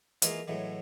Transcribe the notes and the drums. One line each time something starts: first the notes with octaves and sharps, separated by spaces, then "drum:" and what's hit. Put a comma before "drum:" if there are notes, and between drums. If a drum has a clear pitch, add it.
E3 G#3 A#3 F4 G#4 A#4, drum: hi-hat
A2 E3 F#3 G#3